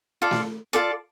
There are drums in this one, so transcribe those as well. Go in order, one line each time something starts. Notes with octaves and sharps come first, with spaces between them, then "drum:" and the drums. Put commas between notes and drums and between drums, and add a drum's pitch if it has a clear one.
F4 A4 D5
drum: snare A3
F4 A4 D5